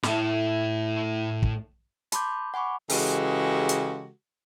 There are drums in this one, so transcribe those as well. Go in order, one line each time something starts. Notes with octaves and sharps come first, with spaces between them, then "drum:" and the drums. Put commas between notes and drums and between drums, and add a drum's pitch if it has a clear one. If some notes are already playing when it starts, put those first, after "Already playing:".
A2 E4, drum: snare
drum: kick
A5 B5 C6 D6 G6, drum: hi-hat
F#5 G#5 B5 C#6 D6
C#3 E3 G#3 F#4 G4 A4, drum: open hi-hat
drum: hi-hat